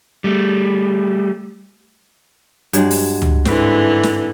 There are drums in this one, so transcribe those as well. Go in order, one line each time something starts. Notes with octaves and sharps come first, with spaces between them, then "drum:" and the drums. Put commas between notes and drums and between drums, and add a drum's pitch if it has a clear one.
G3 A3
G2 F#3 G#3, drum: hi-hat
drum: open hi-hat
drum: tom C#2
G#2 D3 E3 C4 B4, drum: snare
drum: snare